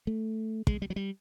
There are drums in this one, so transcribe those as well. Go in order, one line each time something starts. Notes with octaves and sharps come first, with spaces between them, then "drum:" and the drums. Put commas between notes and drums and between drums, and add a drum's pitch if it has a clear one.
A3
G#3, drum: kick
G3
F#3
G3